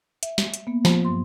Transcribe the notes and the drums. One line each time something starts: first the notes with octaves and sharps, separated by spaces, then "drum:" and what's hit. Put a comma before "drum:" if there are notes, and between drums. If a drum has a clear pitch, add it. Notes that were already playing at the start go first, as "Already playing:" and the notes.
E5, drum: hi-hat
drum: snare
drum: hi-hat
A#3 B3
F3, drum: snare
G2 F#3 C6